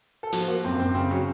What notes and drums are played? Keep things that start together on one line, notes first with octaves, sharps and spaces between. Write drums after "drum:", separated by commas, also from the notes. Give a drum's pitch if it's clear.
A4
F3 F#4, drum: hi-hat
A#3 F#4
F#2 C4
F#2 C4
C#3 C4
F#3 C#4